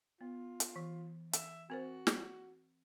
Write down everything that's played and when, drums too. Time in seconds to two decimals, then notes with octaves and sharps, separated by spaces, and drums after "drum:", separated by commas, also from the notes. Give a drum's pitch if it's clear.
0.21 B3 F4
0.60 drum: hi-hat
0.76 E3
1.33 E5, drum: hi-hat
1.70 C4 F#4 A#4 C5
2.07 drum: snare